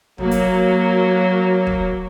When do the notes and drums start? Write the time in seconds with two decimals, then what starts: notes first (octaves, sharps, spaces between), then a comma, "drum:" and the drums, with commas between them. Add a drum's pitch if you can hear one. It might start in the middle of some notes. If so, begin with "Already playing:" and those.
0.18 F#3 A#3, drum: tom
0.31 drum: hi-hat
1.67 drum: kick